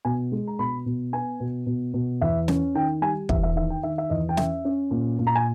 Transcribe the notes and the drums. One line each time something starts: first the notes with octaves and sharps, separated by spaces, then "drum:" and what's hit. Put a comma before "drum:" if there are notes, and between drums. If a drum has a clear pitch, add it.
B2 G#5
G#3
A#5
B2 B5
B2
B3 G#5
B2
B2
B2
E2 E5
C#4, drum: snare
D#3 G5
G3 G#5
E2 E5, drum: kick
E5
D#3 E5
G5
D#3 E5
E5
E2 D#5
G5
C#4 E5, drum: snare
C#4
A#2
A#2
A#5
G#5